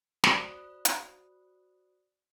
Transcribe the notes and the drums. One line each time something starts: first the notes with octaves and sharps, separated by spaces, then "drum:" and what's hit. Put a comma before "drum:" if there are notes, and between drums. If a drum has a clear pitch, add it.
F#4 C5 D5 B5 D#6 F#6, drum: snare
drum: hi-hat